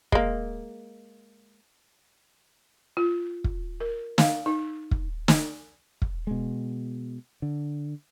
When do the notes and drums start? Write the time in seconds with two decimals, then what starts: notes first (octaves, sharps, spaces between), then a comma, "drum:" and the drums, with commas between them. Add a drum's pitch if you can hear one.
0.12 G#3 A#3, drum: kick
2.97 F4
3.44 drum: kick
3.80 A#4
4.18 F5, drum: snare
4.46 D#4
4.91 drum: kick
5.28 drum: snare
6.02 drum: kick
6.27 B2 G#3
7.42 D3